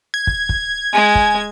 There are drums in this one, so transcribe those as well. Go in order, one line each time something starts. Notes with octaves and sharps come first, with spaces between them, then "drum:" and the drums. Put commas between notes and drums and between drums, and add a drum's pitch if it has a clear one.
G#6
drum: kick
drum: kick
G#3 G#5
drum: kick